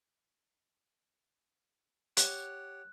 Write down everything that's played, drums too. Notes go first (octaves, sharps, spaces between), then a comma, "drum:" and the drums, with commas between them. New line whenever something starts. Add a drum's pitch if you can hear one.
G4 C#5 F#5 F#6, drum: hi-hat